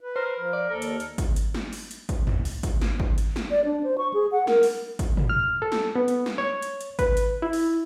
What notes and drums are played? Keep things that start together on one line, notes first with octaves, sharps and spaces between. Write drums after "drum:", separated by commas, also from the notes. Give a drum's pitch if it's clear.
B4
A#4 C5
F3
D5
D#2 A4 A#4
drum: hi-hat
drum: hi-hat
drum: kick, hi-hat
drum: hi-hat
drum: snare
drum: open hi-hat
drum: hi-hat
drum: kick, hi-hat
drum: tom
drum: open hi-hat
drum: kick, hi-hat
drum: snare
drum: kick
drum: hi-hat
drum: snare
D5
D4
C5
C#6
G#4
F#5
A#4, drum: snare
drum: open hi-hat
drum: kick, hi-hat
drum: tom
F6
A4
drum: snare
B3
drum: hi-hat
drum: snare
C#5
drum: hi-hat
drum: hi-hat
B4, drum: kick, hi-hat
drum: hi-hat
E4
drum: open hi-hat